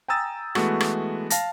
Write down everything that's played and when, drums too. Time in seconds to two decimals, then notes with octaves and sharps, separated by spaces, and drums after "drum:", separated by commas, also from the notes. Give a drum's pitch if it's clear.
0.08 G5 G#5 A#5 D#6 E6 A6
0.55 E3 G#3 A3 B3 F#4, drum: rim click
0.80 drum: rim click
1.30 F5 A5 A#6, drum: hi-hat